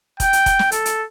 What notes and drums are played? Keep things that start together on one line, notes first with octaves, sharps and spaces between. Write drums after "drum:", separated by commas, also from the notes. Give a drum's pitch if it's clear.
G5, drum: kick F1, hi-hat
drum: hi-hat
drum: kick F1, hi-hat
drum: snare
A4, drum: hi-hat
drum: hi-hat